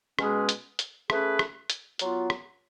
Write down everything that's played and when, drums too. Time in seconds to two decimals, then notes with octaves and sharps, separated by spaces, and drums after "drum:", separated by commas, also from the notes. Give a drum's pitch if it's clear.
0.19 B2 G#3 C#4 G#4 B4, drum: rim click
0.49 drum: hi-hat
0.79 drum: hi-hat
1.10 A3 C#4 G#4 B4, drum: rim click
1.39 drum: rim click
1.70 drum: hi-hat
1.99 F#3 B3 F4, drum: hi-hat
2.30 drum: rim click